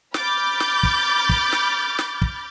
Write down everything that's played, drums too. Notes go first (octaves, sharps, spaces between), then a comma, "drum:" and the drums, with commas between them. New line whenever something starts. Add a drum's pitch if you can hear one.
B5 D6 F6 G6 A6, drum: snare
drum: snare
drum: kick
drum: kick
drum: snare
drum: snare
drum: kick